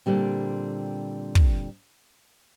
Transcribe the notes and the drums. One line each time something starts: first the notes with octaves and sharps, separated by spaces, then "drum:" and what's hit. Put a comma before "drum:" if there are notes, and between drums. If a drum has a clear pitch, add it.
A#2 D3 G3 C4
drum: kick